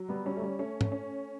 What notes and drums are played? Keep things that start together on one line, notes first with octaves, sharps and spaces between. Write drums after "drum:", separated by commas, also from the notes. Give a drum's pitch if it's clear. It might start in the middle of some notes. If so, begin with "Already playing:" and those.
Already playing: F#3
G3 B3
G3 C#4
A3
G3
A3 C#4
drum: tom
C#4